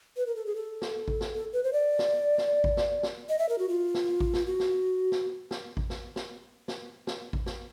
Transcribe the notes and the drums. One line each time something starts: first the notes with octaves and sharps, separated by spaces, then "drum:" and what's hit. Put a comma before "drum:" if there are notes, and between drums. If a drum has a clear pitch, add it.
B4
A#4
A4
G#4
A4
drum: snare
drum: kick A1
drum: snare
A4
B4
C5
D5
drum: snare
drum: snare
drum: kick A1
drum: snare
drum: snare
D#5
E5
A#4
F#4
F4
drum: snare
drum: kick A1
drum: snare
F#4
drum: snare
drum: snare
drum: snare
drum: kick A1
drum: snare
drum: snare
drum: snare
drum: snare
drum: kick A1
drum: snare